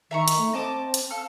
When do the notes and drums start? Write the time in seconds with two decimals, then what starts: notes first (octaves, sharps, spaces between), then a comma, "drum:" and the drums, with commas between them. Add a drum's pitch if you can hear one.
0.11 D#3 E5 A#5 C#6
0.28 drum: hi-hat
0.37 A3
0.53 C4 D#5 A5 D6
0.94 drum: hi-hat
1.10 A4 F5 F6